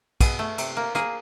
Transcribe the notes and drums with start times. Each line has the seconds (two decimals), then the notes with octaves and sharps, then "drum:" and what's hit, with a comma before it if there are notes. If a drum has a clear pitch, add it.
0.21 B2 G#4, drum: kick, cymbal
0.39 A3
0.58 C3, drum: cymbal
0.77 A#3
0.95 A#3 G#4, drum: rim click